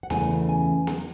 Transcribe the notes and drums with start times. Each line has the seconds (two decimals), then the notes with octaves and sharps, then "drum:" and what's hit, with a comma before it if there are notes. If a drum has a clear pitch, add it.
0.03 F#5
0.10 E2 C#3 E3 A3 C#4 G#5, drum: snare
0.49 G#5
0.87 drum: snare